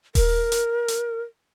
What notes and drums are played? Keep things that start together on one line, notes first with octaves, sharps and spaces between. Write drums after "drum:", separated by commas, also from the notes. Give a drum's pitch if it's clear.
A#4, drum: kick D#1, open hi-hat
drum: hi-hat
drum: hi-hat